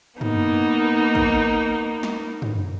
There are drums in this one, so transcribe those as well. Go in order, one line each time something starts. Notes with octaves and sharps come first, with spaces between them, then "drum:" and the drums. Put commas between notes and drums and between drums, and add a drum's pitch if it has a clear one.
A#3 B3 D#4, drum: tom
drum: kick
drum: snare
drum: tom